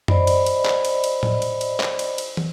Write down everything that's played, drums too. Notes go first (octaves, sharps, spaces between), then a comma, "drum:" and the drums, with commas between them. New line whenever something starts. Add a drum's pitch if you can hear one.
C5 D5 D#5 B5, drum: tom F#2
drum: cymbal
drum: cymbal
drum: clap
drum: cymbal
drum: cymbal
drum: tom A2
drum: cymbal
drum: cymbal
drum: clap
drum: cymbal
drum: cymbal
drum: tom